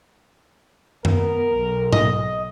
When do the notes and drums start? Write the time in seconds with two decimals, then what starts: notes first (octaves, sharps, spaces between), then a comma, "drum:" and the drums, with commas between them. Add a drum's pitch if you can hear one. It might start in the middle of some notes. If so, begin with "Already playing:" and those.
1.05 B3 A#4, drum: tom F#2
1.52 B1
1.93 D#5, drum: tom G#2